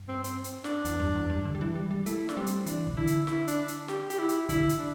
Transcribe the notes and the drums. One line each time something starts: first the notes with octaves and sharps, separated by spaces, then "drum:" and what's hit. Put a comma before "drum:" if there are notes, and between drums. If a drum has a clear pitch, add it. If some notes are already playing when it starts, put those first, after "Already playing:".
Already playing: G2
C4
C4, drum: hi-hat
drum: hi-hat
D4, drum: snare
E2, drum: hi-hat
G2
E2
G2
D3
G3
E3
G3
G3
A3 E4, drum: hi-hat
D4, drum: snare
G3 C4
drum: hi-hat
E3 D4, drum: hi-hat
drum: kick
D3 E4
drum: hi-hat
E4, drum: snare
D4, drum: hi-hat
drum: hi-hat
G4, drum: snare
G4, drum: hi-hat
E4
drum: hi-hat
D3 E4, drum: kick, hi-hat
drum: hi-hat
D4